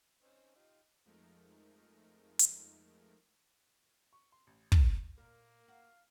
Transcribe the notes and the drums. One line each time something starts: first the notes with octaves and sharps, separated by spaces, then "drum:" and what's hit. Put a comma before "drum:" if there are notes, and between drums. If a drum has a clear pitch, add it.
C4 C#4 D#4
D#4 F4 G4
F2 F3 G#3 A3 D#4 A#4
drum: hi-hat
C#6
C6
A1
A#4, drum: kick
A#2 A#3 A#4
F#4 F5